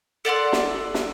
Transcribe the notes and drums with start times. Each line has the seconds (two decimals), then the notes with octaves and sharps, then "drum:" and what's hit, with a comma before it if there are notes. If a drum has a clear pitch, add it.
0.25 A4 D5 F#5 C6
0.53 drum: snare
0.94 drum: snare